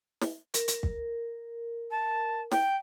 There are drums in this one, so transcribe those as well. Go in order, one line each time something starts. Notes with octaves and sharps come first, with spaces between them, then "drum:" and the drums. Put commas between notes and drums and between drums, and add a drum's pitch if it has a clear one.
drum: snare
A#4, drum: hi-hat
drum: hi-hat
drum: kick
A5
G5, drum: snare